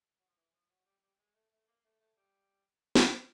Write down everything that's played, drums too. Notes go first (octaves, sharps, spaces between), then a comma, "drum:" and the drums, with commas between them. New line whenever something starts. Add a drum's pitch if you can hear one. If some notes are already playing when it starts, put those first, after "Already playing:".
F#3
F3
E3
F3
F#3
G3
G3
G#3
A3
A3
A#3
A3
A3
G3
drum: snare